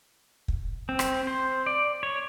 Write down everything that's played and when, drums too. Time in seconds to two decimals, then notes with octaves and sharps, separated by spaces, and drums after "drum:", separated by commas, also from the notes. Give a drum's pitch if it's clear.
0.48 drum: kick
0.89 C4
0.99 drum: rim click
1.27 C5
1.66 D5
2.03 C#5